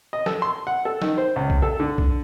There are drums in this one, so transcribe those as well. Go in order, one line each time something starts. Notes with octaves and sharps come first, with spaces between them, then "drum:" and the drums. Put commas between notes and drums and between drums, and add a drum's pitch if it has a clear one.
D#5
A4, drum: snare
C6
F#5
A4
D#3, drum: snare
C5
C#2
drum: kick B1
A4
D3
drum: kick B1